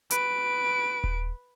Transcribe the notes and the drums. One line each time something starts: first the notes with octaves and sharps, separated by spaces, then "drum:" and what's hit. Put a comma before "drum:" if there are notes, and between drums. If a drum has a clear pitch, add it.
B4 D7, drum: hi-hat
drum: kick D#1